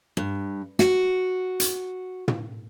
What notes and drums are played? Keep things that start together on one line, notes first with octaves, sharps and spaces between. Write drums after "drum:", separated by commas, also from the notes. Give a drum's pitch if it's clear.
G2
F#4, drum: snare
drum: hi-hat
drum: tom